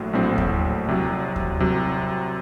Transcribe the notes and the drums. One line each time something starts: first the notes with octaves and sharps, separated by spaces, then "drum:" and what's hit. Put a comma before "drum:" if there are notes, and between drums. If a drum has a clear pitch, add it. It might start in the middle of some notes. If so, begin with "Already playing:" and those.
Already playing: A#1 A2 F#3
A#1 A2 F#3 C4
drum: kick D#2
C2 C3 F#3
drum: kick D#2
C2 C3 F#3